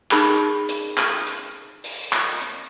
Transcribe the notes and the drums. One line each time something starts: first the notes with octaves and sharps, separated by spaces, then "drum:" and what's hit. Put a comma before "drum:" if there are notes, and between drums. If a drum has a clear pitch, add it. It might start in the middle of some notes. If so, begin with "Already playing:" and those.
D#4 G#4 B5 C#6, drum: clap
drum: hi-hat
drum: clap
drum: hi-hat
drum: open hi-hat
drum: clap
drum: hi-hat